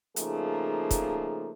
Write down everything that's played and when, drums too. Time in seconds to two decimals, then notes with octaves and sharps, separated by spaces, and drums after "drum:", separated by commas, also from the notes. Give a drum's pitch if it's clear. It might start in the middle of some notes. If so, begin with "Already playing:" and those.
0.16 C#3 F3 A3 A#3 D#4 G#4, drum: hi-hat
0.91 drum: kick, hi-hat